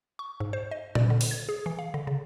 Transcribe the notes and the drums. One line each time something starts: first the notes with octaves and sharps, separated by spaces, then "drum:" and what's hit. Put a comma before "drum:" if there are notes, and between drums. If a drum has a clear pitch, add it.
C#6
G#2
C5
D#5
D5, drum: tom A#2
D3
drum: open hi-hat
G#6
G#4
E3
F5
D3
C#3